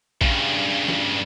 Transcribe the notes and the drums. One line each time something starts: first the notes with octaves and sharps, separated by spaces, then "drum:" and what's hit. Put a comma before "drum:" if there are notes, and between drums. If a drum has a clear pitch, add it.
G2 C#3, drum: kick A1
drum: snare